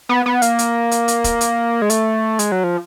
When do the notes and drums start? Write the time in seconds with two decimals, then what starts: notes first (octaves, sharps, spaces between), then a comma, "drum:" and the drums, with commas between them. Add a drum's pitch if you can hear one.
0.09 B3
0.26 B3
0.42 A#3, drum: hi-hat
0.59 drum: hi-hat
0.91 drum: hi-hat
1.08 drum: hi-hat
1.24 drum: kick, hi-hat
1.41 drum: hi-hat
1.82 G#3
1.90 A3, drum: hi-hat
2.39 G#3, drum: hi-hat
2.52 F#3
2.64 F3